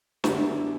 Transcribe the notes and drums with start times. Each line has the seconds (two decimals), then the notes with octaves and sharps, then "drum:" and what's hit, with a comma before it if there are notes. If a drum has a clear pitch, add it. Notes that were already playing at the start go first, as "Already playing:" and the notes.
0.24 F#2 D3 F#3 B3 D4 E4 G4, drum: snare